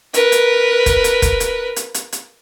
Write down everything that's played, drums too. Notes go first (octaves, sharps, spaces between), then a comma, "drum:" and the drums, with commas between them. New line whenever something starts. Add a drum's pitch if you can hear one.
A#4 B4, drum: hi-hat
drum: hi-hat
drum: kick, hi-hat
drum: hi-hat
drum: kick, hi-hat
drum: hi-hat
drum: hi-hat
drum: hi-hat
drum: hi-hat